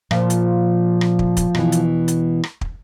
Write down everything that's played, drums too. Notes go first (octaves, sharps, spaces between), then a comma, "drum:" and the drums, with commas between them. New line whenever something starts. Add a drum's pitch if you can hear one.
A#2 F3, drum: rim click
drum: hi-hat
drum: rim click
drum: kick
drum: kick, hi-hat
B2 E3, drum: rim click
drum: hi-hat
drum: hi-hat
drum: rim click
drum: kick